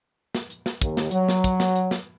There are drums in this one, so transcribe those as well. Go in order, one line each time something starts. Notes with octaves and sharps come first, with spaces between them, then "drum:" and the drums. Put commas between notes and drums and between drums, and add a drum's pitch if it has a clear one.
drum: snare
drum: hi-hat
drum: snare
D#2, drum: kick, hi-hat
drum: snare
F#3, drum: hi-hat
drum: snare
drum: kick, hi-hat
drum: snare
drum: hi-hat
drum: snare